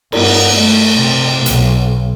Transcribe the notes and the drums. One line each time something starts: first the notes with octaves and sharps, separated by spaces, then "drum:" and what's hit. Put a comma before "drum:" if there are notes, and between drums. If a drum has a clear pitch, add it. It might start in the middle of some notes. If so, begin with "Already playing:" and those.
G2 B3, drum: cymbal
A3
C3
B1, drum: hi-hat